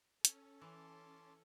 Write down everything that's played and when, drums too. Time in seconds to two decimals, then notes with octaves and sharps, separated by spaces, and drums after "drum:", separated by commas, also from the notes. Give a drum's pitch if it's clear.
0.25 C#4 A4, drum: hi-hat
0.61 E3 A5 C6 D6